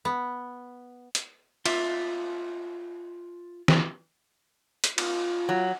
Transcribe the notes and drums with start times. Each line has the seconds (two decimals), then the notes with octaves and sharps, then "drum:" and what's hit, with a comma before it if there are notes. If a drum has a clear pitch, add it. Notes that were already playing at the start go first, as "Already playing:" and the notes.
0.05 B3
1.15 drum: hi-hat
1.66 F4 E5, drum: cymbal
3.68 drum: snare
4.84 drum: hi-hat
4.98 F4, drum: cymbal
5.49 F#3